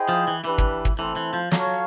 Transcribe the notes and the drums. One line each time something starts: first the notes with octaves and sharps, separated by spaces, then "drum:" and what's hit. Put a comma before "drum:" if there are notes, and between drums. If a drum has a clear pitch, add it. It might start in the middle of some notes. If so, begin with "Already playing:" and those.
Already playing: E4 G#4 C5 D#5 G5
F3
E3
E3 D4 G4 B4
drum: kick
drum: kick
E3 A3 C4 E4 A4 C5
E3
F3
F#3 F4 A4 C#5 F5, drum: snare